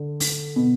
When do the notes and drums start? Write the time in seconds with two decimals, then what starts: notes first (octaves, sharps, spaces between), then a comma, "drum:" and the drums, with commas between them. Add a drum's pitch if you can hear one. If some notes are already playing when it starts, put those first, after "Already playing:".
Already playing: D3
0.20 drum: open hi-hat
0.56 B2